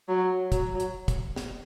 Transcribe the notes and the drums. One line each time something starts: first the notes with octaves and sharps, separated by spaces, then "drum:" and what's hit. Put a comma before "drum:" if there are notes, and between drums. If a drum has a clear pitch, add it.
F#3
F#3, drum: kick, hi-hat
drum: hi-hat
drum: kick, hi-hat
drum: snare